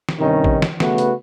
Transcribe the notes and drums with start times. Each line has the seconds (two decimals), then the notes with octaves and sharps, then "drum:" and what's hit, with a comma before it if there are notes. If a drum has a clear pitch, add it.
0.09 drum: snare
0.19 G2 C3 D#3 C#4 D#4
0.44 drum: kick A1
0.62 drum: snare
0.80 C#3 A3 B3 F#4 B4, drum: snare
0.98 drum: hi-hat